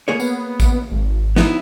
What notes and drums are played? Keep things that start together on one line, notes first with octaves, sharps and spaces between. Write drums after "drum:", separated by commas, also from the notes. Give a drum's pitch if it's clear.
A#3 G#4 C#5
B3, drum: tambourine
drum: kick, tambourine
G#1
B3 D#4 E4, drum: snare